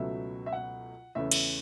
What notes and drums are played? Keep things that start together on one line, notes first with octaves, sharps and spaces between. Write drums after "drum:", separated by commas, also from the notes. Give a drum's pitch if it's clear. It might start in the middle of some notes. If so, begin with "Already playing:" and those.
Already playing: C#2 B2 F#3 A3 C#4 E5
E5
F#5
E2 C#3 A3 C#4 E5
drum: cymbal